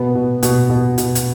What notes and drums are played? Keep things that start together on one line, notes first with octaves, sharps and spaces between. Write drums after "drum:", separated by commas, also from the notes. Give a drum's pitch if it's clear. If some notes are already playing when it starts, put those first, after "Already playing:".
Already playing: B2 B3
B2
B2, drum: hi-hat
B2
B2, drum: hi-hat
drum: hi-hat